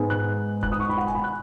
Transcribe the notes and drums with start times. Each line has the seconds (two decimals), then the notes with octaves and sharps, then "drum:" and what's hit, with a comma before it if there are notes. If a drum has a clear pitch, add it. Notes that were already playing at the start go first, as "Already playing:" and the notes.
Already playing: G#2 G#3 B3
0.10 F#6
0.63 F#6, drum: kick E1
0.72 D#6
0.80 C#6
0.90 B5
0.98 F#5
1.07 G#5
1.15 B5
1.24 F#6